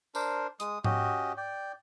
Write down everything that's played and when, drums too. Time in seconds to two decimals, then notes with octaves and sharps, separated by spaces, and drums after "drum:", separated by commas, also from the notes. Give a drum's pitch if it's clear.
0.15 D4 A#4 C5, drum: tambourine
0.60 G#3 D#6, drum: hi-hat
0.84 C#4 F#4 G4 D#5, drum: tom G#2
1.37 D5 G5